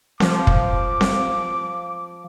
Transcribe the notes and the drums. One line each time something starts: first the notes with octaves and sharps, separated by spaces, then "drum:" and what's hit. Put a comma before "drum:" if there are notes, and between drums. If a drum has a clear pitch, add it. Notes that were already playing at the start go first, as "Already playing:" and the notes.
F3 D6, drum: snare C4
drum: kick
drum: snare C4